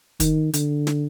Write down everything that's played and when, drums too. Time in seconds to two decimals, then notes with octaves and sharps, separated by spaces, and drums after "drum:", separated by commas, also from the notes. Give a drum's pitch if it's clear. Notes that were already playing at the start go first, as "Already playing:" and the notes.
0.20 D#3, drum: kick, hi-hat
0.53 D3, drum: hi-hat
0.87 drum: snare